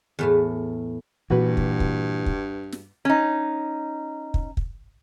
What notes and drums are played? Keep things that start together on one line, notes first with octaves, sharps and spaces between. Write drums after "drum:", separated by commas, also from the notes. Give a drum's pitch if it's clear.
E2 A2 A3
G2 A#2 E3 F#4 B4
drum: kick
drum: kick
drum: kick
drum: snare
C#4 D#4
drum: kick
drum: kick